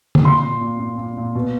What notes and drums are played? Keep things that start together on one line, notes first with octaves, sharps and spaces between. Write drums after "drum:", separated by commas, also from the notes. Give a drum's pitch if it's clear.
drum: tom D3
A#2 C6
A#2
A#2
A#2
A#2
A#2
B2